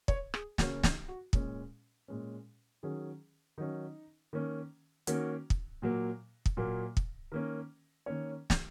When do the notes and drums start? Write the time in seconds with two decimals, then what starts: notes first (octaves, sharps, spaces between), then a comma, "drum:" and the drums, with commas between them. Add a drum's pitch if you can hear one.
0.08 C#5, drum: kick
0.34 G#4, drum: rim click
0.58 C#3 A#3 C#4 F#4, drum: snare
0.83 D#4, drum: snare
1.08 F#4
1.33 A#2 G#3 C#4, drum: kick
2.08 A#2 G#3 C#4
2.83 D#3 F#3 C#4 G#4
3.58 D#3 F#3 C#4 D#4
4.33 D#3 A#3 C#4
5.07 D#3 A#3 C#4 F#4, drum: hi-hat
5.50 drum: kick
5.82 A#2 F#3 A#3
6.46 drum: kick
6.57 A#2 F#3 A#3
6.97 drum: kick
7.32 D#3 A#3 C#4 A#4
8.06 D#3 A#3 C#4 C#5
8.50 drum: snare